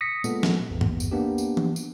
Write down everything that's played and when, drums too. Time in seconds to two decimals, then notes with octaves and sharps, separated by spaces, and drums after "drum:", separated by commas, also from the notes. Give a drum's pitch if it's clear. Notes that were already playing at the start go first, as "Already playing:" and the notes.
0.01 D#6 A#6 B6 C#7
0.24 A#2 G#3 B3 A4, drum: tambourine
0.43 drum: snare
0.69 A1 E2
0.81 drum: tom G2
1.00 drum: tambourine
1.11 A#3 B3 D4 G4
1.38 drum: tambourine
1.57 drum: tom E3
1.76 drum: tambourine